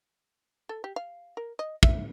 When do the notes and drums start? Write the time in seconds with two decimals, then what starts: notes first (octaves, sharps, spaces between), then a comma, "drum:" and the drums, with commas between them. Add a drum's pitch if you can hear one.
0.69 A4
0.84 G4
0.96 F5
1.37 A#4
1.59 D#5
1.83 E5, drum: kick